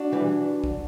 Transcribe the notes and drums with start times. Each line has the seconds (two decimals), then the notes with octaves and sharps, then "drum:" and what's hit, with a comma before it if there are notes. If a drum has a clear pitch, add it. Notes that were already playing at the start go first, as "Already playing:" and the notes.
Already playing: D4 F#4
0.12 E3 G3
0.64 drum: kick